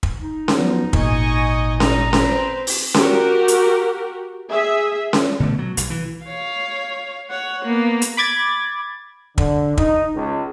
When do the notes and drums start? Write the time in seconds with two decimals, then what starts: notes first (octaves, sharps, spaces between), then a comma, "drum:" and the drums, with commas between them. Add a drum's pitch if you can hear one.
0.03 drum: kick
0.22 D#4
0.48 drum: snare C#4
0.57 F3 F#3 B3
0.93 G#1 A#2 D#5 G#5 C#6, drum: kick
1.80 G3 D#4 D#5 A#5, drum: snare C#4
2.13 C4 B4 C5, drum: snare C#4
2.67 drum: open hi-hat
2.94 F#4 G4 A#4, drum: snare C#4
3.48 drum: hi-hat
4.50 G#4 E5
5.13 drum: snare C#4
5.40 B2 D3 A3
5.59 F#3
5.77 B1, drum: hi-hat
5.90 E3
6.25 C#5 F5
7.30 C#5 F#5
7.65 A#3 B3
8.02 drum: hi-hat
8.17 B5 D6 G#6 A6
9.38 D3, drum: kick
9.78 D#4, drum: kick
10.16 C#2